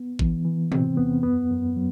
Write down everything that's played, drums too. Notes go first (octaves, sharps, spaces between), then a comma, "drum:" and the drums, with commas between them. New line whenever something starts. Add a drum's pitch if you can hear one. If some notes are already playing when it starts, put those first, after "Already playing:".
Already playing: B3
E3, drum: kick
E3
C3 C4, drum: tom
E2 B3
F#2 B3
F#2
F#3